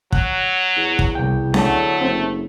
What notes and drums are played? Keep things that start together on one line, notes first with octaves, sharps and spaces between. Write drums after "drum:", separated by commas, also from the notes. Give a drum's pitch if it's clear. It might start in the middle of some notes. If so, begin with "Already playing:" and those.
F#3 F#6, drum: kick
E2
drum: kick
C2 G5
D3 F#3 A3, drum: snare C#4
F#1 C4